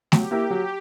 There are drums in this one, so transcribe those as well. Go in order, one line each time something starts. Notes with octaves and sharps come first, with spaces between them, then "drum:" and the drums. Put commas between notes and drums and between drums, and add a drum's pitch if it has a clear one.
F#3 G4, drum: snare A3
A#3 E4 G4 A#4
F#3